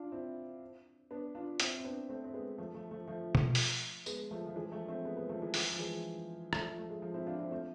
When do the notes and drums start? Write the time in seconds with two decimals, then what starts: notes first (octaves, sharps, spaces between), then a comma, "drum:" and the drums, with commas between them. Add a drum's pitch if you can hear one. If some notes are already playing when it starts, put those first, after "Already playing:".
Already playing: D4 F4
0.12 C4 E4
1.11 B3 D4
1.35 D4 F4
1.60 C4 E4, drum: hi-hat
1.78 C4
1.84 B3 D4
2.09 A3 C4
2.24 C4
2.34 G#3 B3
2.58 F3 A3
2.75 F3 A3
2.91 F3 A3
3.07 F3 A3
3.35 drum: tom B2
3.55 drum: open hi-hat
4.06 G#3 B3, drum: tambourine
4.31 F3 A3
4.47 F3
4.56 E3 G#3
4.72 F3 A3
4.88 A3 C4
5.05 G#3 B3
5.17 G#3 B3
5.29 F3 A3
5.42 E3 G#3
5.54 E3, drum: open hi-hat
5.72 F3
5.79 E3 G#3
6.53 F3 A3, drum: rim click
6.79 A3
6.90 G#3
7.02 F3
7.14 C4 E4
7.27 D4 F4
7.39 C4 E4
7.51 A3 C4